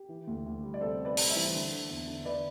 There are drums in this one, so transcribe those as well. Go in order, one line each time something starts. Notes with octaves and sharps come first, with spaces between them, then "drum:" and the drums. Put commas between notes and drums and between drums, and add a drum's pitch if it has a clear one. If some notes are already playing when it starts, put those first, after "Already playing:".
Already playing: G4
E3
D2
D2
G3
D5
C3 A4 C5
C3
B4 D5
G3, drum: open hi-hat
C5 E5
E3
D3
D3
E2
D3
D3 B4 D5